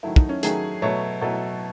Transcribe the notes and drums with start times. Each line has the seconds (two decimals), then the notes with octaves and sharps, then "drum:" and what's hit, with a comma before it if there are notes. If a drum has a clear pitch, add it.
0.03 D#3 F#3 A3 E4
0.16 D#4, drum: kick
0.29 C#4
0.43 D#3 F#3 A3 G#4, drum: hi-hat
0.82 B2 F#3 A3 C#5
1.21 B2 F#3 A3 A4